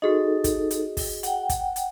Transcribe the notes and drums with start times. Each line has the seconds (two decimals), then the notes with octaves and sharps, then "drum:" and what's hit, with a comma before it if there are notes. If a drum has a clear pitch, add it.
0.02 D#4 F#4 G#4 A4 D#5
0.44 drum: kick, hi-hat
0.71 drum: hi-hat
0.97 drum: kick, open hi-hat
1.23 F#5 G5, drum: hi-hat
1.49 drum: kick, hi-hat
1.76 drum: hi-hat